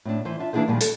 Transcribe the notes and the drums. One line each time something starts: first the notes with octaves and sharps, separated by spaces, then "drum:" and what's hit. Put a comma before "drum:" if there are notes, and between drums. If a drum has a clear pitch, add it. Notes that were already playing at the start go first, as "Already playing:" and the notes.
A2 C4 D4
E3 C5
D4 F4 E5 A5
E3 A#3 D4 E4 G#4 C5
A#2 D#3 F3 G3 G#3
A4, drum: hi-hat